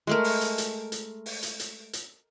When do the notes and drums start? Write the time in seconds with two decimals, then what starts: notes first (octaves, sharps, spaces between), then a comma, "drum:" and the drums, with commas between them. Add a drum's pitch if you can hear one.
0.07 G#3 A3 A#4
0.24 drum: open hi-hat
0.41 drum: hi-hat
0.58 drum: hi-hat
0.92 drum: hi-hat
1.26 drum: open hi-hat
1.43 drum: hi-hat
1.60 drum: hi-hat
1.93 drum: hi-hat